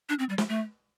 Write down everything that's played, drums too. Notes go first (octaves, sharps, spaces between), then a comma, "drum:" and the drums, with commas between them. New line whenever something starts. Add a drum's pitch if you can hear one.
D4
C4
G3
A3, drum: snare
A3